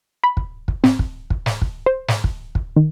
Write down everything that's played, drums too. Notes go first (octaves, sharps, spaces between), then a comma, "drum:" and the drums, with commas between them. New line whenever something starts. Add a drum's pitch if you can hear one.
B5
drum: kick
drum: kick
C4, drum: snare
drum: kick
drum: kick
drum: snare
drum: kick
C5
drum: snare
drum: kick
drum: kick
D#3